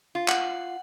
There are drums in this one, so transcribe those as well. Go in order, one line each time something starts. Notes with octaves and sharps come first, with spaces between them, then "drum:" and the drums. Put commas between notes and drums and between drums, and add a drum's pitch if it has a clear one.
F4
F#5, drum: clap